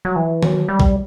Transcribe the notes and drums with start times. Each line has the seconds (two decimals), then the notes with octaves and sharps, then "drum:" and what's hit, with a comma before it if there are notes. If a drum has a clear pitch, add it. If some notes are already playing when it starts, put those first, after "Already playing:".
0.05 F#3
0.16 E3
0.43 F#3, drum: tom D#3
0.68 G3
0.80 drum: kick B1